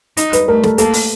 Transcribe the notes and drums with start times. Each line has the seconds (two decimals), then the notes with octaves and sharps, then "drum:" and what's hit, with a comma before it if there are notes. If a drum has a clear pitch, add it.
0.17 D#4, drum: hi-hat
0.33 B4, drum: hi-hat
0.48 A3 A#4
0.63 A4, drum: snare
0.78 A#3 A4, drum: hi-hat
0.93 drum: open hi-hat